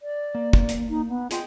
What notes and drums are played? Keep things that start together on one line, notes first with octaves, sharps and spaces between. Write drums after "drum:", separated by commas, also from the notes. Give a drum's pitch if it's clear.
D5
A#3
drum: kick
drum: hi-hat
D#4
B3
F4 G#4 D#5 G5, drum: hi-hat